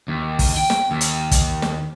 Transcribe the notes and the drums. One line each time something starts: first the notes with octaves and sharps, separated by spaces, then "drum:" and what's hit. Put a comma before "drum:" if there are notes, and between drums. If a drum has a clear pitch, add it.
D#2
drum: kick, open hi-hat
G5
drum: snare
D#2
drum: hi-hat
drum: kick, hi-hat
drum: snare